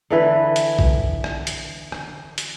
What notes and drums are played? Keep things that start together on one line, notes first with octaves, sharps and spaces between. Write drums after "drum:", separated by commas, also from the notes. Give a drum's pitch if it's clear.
D3 E3 B4
drum: hi-hat
drum: kick
drum: rim click
drum: hi-hat
drum: rim click
drum: hi-hat